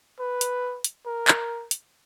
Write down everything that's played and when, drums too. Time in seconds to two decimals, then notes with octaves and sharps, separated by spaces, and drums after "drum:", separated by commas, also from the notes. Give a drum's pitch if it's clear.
0.20 B4
0.41 drum: hi-hat
0.84 drum: hi-hat
1.06 A#4
1.28 drum: clap
1.71 drum: hi-hat